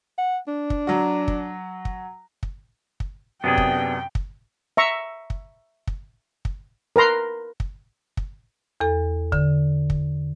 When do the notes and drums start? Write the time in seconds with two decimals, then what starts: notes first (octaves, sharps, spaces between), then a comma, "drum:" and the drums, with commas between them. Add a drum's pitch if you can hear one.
0.18 F#5
0.48 D4
0.70 drum: kick
0.87 F#3 F#4
1.28 drum: kick
1.85 drum: kick
2.43 drum: kick
3.00 drum: kick
3.44 F#2 C3 B3 D4 G#4 G5
3.58 drum: kick
4.15 drum: kick
4.77 E5 A#5 C#6
5.30 drum: kick
5.87 drum: kick
6.45 drum: kick
6.96 A#4 B4 A#5 C6
7.60 drum: kick
8.17 drum: kick
8.80 E2 A4
9.32 D3, drum: kick
9.90 drum: kick